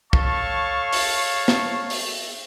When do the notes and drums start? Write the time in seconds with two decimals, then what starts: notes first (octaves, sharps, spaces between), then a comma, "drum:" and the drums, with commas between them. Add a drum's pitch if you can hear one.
0.13 A4 C#5 F5 A5 C#6, drum: kick
0.92 drum: open hi-hat
1.48 drum: snare
1.90 drum: open hi-hat